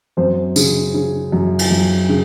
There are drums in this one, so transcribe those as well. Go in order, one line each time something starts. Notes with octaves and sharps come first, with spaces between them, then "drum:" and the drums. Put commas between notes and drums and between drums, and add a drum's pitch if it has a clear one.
F#2 C4 C5
C#3, drum: tambourine
C#3
F#2
drum: cymbal
F#2
C#3